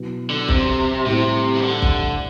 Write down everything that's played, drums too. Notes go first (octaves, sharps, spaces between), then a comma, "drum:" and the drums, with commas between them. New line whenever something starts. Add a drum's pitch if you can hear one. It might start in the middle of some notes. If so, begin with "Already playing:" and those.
Already playing: B2 F#3 B3 E4
D3
C3, drum: kick
A2 C3 G3 C4 E4 G4
E3
D3
drum: kick